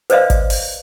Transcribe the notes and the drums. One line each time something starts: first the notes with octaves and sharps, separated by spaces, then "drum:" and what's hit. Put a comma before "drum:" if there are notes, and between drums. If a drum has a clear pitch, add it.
B4 C5 D5 D#5 F5, drum: hi-hat
drum: kick G1, hi-hat
drum: open hi-hat